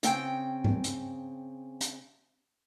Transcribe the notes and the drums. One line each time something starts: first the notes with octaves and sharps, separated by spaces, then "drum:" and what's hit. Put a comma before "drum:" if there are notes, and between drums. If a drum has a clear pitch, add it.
C#3 C4 G5, drum: hi-hat
drum: tom G#2
drum: hi-hat
drum: hi-hat